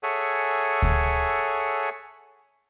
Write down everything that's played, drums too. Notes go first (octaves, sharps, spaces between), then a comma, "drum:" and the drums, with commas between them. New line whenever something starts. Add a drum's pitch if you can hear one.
G#4 A4 C#5 E5 F#5 G#5
drum: kick D2